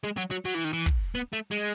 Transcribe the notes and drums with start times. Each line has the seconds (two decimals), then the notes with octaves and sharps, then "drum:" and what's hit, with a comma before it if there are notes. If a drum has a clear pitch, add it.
0.04 G#3
0.17 F#3
0.31 F#3
0.45 F#3
0.54 E3
0.64 D#3
0.73 E3
0.86 drum: kick
1.15 B3
1.33 A3
1.51 G#3